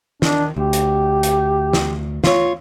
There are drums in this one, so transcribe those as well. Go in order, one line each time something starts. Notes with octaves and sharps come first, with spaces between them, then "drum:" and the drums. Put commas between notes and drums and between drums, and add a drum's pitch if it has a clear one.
D#3 D4, drum: snare
D2 G4
drum: hi-hat
drum: hi-hat
drum: snare
F4 C#5, drum: snare